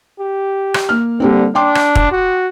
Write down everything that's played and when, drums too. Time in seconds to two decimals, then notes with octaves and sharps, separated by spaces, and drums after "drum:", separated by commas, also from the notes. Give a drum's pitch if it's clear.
0.20 G4
0.74 drum: rim click
0.89 A#3 F6
1.20 D3 G3 A#3 C4
1.55 D4 G5 C6 D6
1.75 drum: rim click
1.95 drum: kick
2.11 F#4